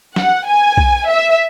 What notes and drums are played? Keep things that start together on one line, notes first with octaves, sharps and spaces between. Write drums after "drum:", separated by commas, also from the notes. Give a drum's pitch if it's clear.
F#5, drum: snare
G#5
drum: kick
E5